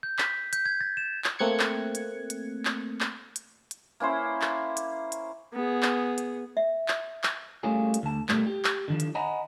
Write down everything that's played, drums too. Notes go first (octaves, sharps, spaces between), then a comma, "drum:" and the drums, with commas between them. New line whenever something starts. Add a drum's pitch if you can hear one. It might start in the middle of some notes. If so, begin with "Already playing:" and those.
G6
B6, drum: clap
G6, drum: hi-hat
G#6
A6
E7
drum: clap
A3 A#3 C4 F#6 G#6 C#7
drum: clap
drum: hi-hat
drum: hi-hat
drum: clap
drum: clap
drum: hi-hat
drum: hi-hat
A#3 C#4 E4 C5
drum: clap
drum: hi-hat
drum: hi-hat
B3 G#4
drum: clap
drum: hi-hat
E5
drum: clap
drum: clap
G3 A3 A#3 C#4 F4 G#4
drum: hi-hat
D2 A5
B2 D#3 G3 A3 A#3, drum: clap
G4
drum: clap
D3 D#3 F3
drum: hi-hat
D#5 F#5 G#5 A#5 B5